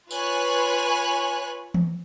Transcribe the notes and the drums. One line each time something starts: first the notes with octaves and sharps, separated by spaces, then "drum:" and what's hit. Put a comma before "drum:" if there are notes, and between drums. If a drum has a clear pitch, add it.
F4 B4 C#5 G#5 F#6, drum: tambourine
drum: tom E3